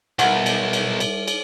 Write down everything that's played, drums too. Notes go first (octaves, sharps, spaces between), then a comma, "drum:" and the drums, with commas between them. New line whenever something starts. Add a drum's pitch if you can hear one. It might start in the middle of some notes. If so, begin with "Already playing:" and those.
B1 G3 A#4 E5 F#5, drum: cymbal
drum: cymbal
drum: cymbal
drum: cymbal
drum: cymbal